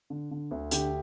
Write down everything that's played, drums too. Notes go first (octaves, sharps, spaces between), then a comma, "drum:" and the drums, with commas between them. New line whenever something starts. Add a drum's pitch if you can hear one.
D3
D3
D2
D3 G4, drum: hi-hat